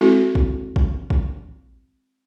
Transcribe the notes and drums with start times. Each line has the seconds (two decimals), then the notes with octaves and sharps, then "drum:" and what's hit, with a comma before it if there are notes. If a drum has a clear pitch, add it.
0.01 G#3 C4 E4 F#4 A4
0.35 drum: kick
0.76 drum: kick
1.10 drum: kick